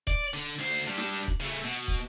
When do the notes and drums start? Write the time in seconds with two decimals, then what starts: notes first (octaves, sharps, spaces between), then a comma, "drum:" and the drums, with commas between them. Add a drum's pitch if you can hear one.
0.07 D5, drum: kick
0.34 D3
0.59 D2 C5
0.87 G3 D4
0.98 drum: snare
1.28 drum: kick
1.40 C#3 A3
1.64 B2
1.88 drum: kick